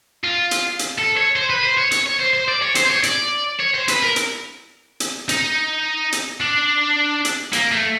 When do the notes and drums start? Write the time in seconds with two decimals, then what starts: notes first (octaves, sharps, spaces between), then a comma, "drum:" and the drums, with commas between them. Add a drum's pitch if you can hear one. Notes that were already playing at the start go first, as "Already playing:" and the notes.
0.24 F4
0.51 drum: hi-hat
0.79 drum: hi-hat
0.98 A4
1.17 C#5
1.36 C5
1.50 B4
1.63 C5
1.77 C#5
1.91 C#5, drum: hi-hat
2.06 C#5
2.20 C5
2.33 C5
2.48 D5
2.62 C#5
2.75 C5, drum: hi-hat
2.85 C5
2.89 C#5
3.03 D5, drum: hi-hat
3.60 C#5
3.74 C5
3.88 B4, drum: hi-hat
4.03 A#4
4.16 drum: hi-hat
5.00 drum: hi-hat
5.29 D#4, drum: hi-hat
6.12 drum: hi-hat
6.40 D4
7.25 drum: hi-hat
7.53 A#3, drum: hi-hat
7.71 A3